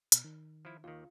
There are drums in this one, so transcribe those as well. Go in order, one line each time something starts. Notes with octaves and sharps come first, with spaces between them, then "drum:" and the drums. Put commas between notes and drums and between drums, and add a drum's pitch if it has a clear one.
B2, drum: hi-hat
D#3
F3 E4
D#2 D#3 F4